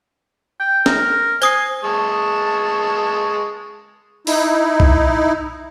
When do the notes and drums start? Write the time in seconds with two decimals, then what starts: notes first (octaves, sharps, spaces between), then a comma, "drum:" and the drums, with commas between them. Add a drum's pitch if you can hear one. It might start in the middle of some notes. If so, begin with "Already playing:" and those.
0.60 G5
0.86 A#4, drum: snare
1.42 C5 G#5 D#6 C7, drum: tambourine
1.84 G#3 A5 C#6
4.27 D#4 E4, drum: open hi-hat
4.80 drum: kick